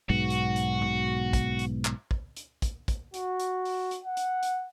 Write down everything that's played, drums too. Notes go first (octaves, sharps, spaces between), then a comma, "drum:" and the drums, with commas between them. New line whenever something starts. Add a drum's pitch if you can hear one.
B1 G#2 B2 F#4
drum: hi-hat
drum: hi-hat
drum: tom B2
drum: kick, hi-hat
drum: hi-hat
drum: clap
drum: kick
drum: hi-hat
drum: kick, hi-hat
drum: kick, hi-hat
F#4, drum: hi-hat
drum: hi-hat
drum: open hi-hat
drum: hi-hat
F#5
drum: hi-hat
drum: hi-hat